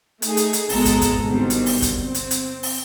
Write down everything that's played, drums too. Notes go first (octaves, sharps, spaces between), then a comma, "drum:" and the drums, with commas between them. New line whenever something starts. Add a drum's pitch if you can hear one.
A3 D#4 G#4, drum: hi-hat
drum: hi-hat
drum: hi-hat
G#1 B2 G#3 B3 A4 A#5, drum: open hi-hat
drum: kick, hi-hat
drum: kick, hi-hat
G1 B2 D#3 G3 C4
drum: hi-hat
drum: open hi-hat
drum: kick, hi-hat
C4
drum: hi-hat
drum: hi-hat
drum: open hi-hat